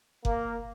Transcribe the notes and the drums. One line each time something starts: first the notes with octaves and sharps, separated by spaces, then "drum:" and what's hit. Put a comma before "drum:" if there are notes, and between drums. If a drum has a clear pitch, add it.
A#3, drum: kick F#1